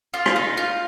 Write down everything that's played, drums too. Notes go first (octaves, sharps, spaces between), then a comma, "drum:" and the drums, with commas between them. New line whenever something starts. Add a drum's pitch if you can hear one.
F4
drum: rim click
D#4
F4